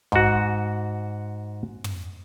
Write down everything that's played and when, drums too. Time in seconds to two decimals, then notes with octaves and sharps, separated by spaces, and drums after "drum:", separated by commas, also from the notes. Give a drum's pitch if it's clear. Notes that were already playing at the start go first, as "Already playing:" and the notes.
0.12 G#2 F#4, drum: kick
1.84 drum: tom